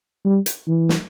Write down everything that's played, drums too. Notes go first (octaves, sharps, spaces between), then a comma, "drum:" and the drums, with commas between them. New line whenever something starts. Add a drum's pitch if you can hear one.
G3
drum: hi-hat
E3
drum: snare